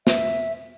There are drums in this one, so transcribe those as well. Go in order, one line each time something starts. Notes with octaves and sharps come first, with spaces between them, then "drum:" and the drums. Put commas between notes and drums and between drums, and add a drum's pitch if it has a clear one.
E5, drum: snare